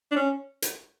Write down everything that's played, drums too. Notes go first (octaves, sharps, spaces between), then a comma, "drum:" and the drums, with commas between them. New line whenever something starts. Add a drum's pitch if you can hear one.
D4
C#4
drum: hi-hat